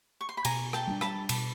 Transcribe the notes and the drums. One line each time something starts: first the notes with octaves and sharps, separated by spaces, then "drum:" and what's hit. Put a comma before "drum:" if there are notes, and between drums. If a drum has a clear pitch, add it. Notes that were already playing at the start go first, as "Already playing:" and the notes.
C#6
C6
B5
B2 G#5 A#5, drum: cymbal
G5 A5, drum: rim click
G3 A#3 D4
A5 B5, drum: rim click
B2 A5 B5, drum: cymbal